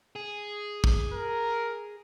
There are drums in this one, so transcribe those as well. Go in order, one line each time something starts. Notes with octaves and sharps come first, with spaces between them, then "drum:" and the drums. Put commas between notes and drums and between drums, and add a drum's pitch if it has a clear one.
G#4
drum: kick
A#4